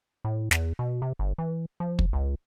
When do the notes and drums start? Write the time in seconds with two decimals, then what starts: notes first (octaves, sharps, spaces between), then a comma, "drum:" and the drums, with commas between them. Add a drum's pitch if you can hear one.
0.25 A2
0.51 E2, drum: snare
0.79 B2
1.02 C3
1.19 G1
1.38 E3
1.80 F3
1.99 drum: kick
2.13 C#2